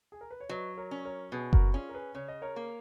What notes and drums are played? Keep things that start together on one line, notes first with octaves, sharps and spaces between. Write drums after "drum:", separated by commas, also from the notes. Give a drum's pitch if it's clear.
G#4
A#4
B4
C#5
F#3 B4 D#5
A#4 C#5
C#4
A#4 C#5
B2 G#4 B4
F#4 A#4, drum: kick F#1
C#4 F4 G#4
A#4
G#4 B4
C#3 C#5
D#5
A#4 C#5
A#3